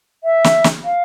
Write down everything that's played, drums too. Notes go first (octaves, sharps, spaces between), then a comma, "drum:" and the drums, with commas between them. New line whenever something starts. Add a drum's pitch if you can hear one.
E5
drum: snare
drum: snare
F5